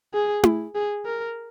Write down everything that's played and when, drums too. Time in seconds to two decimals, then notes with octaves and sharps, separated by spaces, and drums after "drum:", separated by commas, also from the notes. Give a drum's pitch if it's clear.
0.14 G#4
0.43 drum: tom E4
0.75 G#4
1.06 A#4